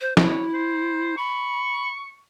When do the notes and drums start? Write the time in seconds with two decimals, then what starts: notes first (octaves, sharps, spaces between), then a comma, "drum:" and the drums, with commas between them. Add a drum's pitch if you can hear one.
0.01 C5
0.17 E4 C#5, drum: snare
0.54 C5
1.17 B5 C#6